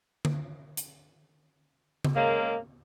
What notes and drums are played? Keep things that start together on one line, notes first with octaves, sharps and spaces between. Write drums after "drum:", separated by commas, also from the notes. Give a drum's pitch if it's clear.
drum: tom D3
drum: hi-hat
drum: tom C#3
C#3 G#3 A#3